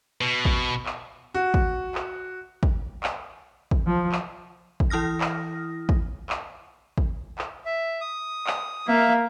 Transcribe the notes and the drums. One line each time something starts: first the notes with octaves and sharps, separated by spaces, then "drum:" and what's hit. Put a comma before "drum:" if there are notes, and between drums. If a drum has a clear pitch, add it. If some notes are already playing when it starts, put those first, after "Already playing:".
B2
drum: kick
drum: clap
F#4
drum: kick
drum: clap
drum: kick
drum: clap
drum: kick
F3
drum: clap
drum: kick
E3 E4 D#6 F6 A#6
drum: clap
drum: kick
drum: clap
drum: kick
drum: clap
E5
D#6
drum: clap
A#3 E5 F5